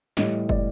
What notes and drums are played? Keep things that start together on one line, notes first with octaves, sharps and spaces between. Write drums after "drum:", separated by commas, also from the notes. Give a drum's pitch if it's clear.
A2 E3 G3 D#5, drum: snare
D5, drum: kick